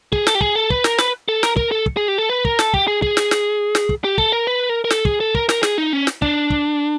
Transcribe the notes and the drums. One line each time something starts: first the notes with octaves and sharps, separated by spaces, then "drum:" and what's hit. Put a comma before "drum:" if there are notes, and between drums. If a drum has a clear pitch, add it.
G#4, drum: kick
A4, drum: snare
G4
G#4, drum: kick
A4
B4, drum: kick
A#4, drum: snare
B4, drum: snare
A4
A#4, drum: snare
A#4, drum: kick
A4
drum: kick
G#4
G4
A4
B4
A#4, drum: kick
A4, drum: snare
G4, drum: kick
G#4
G#4, drum: kick
drum: snare
drum: snare
drum: snare
drum: kick
G4
A4, drum: kick
A#4
B4
A#4
A#4
A4, drum: snare
G#4, drum: kick
A4
A#4, drum: kick
A#4, drum: snare
G#4, drum: snare
D#4
C#4
drum: snare
D4, drum: kick
drum: kick